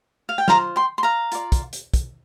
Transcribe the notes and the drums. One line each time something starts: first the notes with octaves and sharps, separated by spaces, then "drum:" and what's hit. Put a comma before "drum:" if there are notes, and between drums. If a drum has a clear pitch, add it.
F5
G5
F4 C5 F5 A#5, drum: snare
G5 C6
C6
F5 A#5
F4 D5, drum: hi-hat
drum: kick, hi-hat
drum: hi-hat
drum: kick, hi-hat